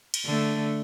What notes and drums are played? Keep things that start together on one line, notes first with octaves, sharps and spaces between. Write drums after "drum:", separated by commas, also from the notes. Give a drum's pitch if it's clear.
drum: cymbal
D3 A3